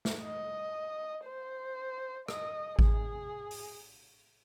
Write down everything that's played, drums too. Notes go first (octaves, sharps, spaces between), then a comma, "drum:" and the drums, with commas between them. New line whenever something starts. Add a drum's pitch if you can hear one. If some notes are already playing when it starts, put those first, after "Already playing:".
drum: snare
D#5
C5
D#5, drum: rim click
G#4, drum: kick G#1
drum: open hi-hat